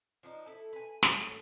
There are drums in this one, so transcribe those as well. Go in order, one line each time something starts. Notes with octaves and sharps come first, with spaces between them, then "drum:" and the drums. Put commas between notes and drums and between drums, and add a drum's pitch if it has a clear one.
F3 D4 D#4
E4 A4
B4 G#5
A2 A3 A#4 C#5, drum: snare